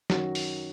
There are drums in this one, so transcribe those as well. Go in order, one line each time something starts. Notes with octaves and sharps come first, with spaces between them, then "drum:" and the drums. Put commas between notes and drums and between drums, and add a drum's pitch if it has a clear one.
F#2 D#3 F#3 F#4, drum: snare
drum: open hi-hat